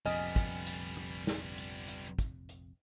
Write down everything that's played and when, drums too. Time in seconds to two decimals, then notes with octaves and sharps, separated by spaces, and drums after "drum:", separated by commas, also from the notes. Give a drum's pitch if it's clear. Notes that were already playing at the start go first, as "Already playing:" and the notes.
0.06 F1 A#1 F2 G3 B3 D#5 G#5 F6
0.36 drum: kick, hi-hat
0.66 drum: hi-hat
0.97 drum: tom F3
1.27 drum: snare
1.58 drum: hi-hat
1.88 drum: hi-hat
2.19 drum: kick, hi-hat
2.49 drum: hi-hat